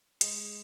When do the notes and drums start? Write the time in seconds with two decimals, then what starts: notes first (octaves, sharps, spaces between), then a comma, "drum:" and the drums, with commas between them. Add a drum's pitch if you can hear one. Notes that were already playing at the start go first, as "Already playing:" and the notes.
0.21 G#3, drum: hi-hat